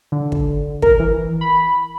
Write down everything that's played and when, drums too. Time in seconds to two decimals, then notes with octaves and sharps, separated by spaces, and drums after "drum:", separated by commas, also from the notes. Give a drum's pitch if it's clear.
0.12 D3
0.32 drum: kick
0.82 A#4, drum: kick
0.99 E3
1.41 B5